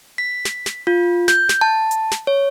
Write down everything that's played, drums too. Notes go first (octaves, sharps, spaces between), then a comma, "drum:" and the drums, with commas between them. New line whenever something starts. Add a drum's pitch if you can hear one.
B6
drum: snare
drum: snare
F4
G6, drum: snare
drum: snare
A5
drum: hi-hat
drum: snare
C#5